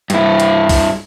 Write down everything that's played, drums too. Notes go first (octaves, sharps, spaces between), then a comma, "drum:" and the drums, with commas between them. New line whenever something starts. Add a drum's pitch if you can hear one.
G2 E4, drum: hi-hat
drum: hi-hat
drum: kick B1, open hi-hat